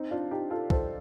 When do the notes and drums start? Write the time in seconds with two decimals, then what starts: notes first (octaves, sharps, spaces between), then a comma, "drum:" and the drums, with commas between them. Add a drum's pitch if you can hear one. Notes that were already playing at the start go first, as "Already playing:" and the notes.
Already playing: C4 D#4
0.11 D4 F4
0.31 D#4 G4
0.50 F4 A4
0.70 A4 C5, drum: kick